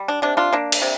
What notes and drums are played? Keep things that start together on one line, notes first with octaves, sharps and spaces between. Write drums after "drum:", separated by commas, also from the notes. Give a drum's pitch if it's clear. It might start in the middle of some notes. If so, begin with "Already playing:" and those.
Already playing: G3
D4
C3 D4
D4 F4
A#3 D4
drum: cymbal
C3